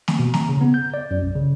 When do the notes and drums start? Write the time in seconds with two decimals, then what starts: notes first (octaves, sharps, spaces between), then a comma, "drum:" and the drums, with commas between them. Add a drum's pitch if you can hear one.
0.08 drum: snare
0.19 B2
0.34 A#5, drum: snare
0.49 C#3
0.61 B3
0.74 G6
0.94 D5
1.11 F#2
1.22 B1
1.36 C#3